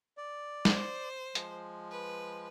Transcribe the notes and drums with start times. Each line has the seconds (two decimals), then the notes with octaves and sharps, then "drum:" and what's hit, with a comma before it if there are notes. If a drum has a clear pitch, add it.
0.17 D5
0.65 C5, drum: snare
1.35 F3 G#3, drum: hi-hat
1.91 B4